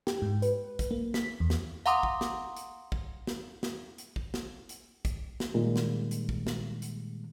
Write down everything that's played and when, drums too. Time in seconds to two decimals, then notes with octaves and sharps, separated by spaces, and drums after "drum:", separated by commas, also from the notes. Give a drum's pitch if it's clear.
0.07 G4, drum: snare
0.22 G#2
0.42 B4, drum: hi-hat
0.79 drum: kick, hi-hat
0.91 A#3
1.14 B6, drum: snare
1.40 E2
1.50 drum: snare
1.86 F5 F#5 A#5 C6 D6 D#6, drum: hi-hat
2.03 drum: kick
2.21 drum: snare
2.57 drum: hi-hat
2.92 drum: kick
3.27 drum: snare
3.63 drum: snare
3.98 drum: hi-hat
4.16 drum: kick
4.34 drum: snare
4.69 drum: hi-hat
5.05 drum: kick, hi-hat
5.40 drum: snare
5.54 A#2 D#3 G3 G#3
5.76 drum: snare
6.11 drum: hi-hat
6.29 drum: kick
6.47 drum: snare
6.82 drum: hi-hat